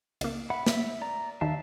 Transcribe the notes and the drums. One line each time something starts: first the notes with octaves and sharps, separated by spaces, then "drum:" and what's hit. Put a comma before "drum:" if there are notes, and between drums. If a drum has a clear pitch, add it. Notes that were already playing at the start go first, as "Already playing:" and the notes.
C#2 A#3, drum: cymbal
E5 F#5 B5
E5, drum: snare
D5 A#5
D#2 D#3 E5 F5 A5